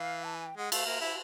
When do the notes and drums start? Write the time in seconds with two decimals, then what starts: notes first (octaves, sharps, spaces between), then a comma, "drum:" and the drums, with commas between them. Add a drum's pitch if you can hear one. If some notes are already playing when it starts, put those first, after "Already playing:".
Already playing: E3 F5
0.24 A5
0.35 G#5
0.46 G5
0.57 G#3 F#5
0.72 A3 F5, drum: cymbal
0.86 A#3 E5
1.01 E4 E5